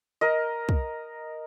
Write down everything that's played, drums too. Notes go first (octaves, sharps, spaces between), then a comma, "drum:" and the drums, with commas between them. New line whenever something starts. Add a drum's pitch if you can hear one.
A#4 D#5
drum: kick